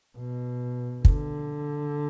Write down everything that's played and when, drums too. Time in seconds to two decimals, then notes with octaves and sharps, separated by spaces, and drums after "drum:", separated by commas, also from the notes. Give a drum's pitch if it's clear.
0.18 B2
1.05 D3, drum: kick